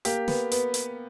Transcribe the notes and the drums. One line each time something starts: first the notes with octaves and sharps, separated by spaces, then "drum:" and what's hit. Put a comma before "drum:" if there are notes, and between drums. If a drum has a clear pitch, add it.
A#3 G4, drum: hi-hat
B3, drum: snare
B3, drum: hi-hat
drum: hi-hat